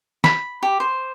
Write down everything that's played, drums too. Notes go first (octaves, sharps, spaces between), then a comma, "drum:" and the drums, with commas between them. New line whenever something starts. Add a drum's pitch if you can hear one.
B5, drum: snare
G4
C5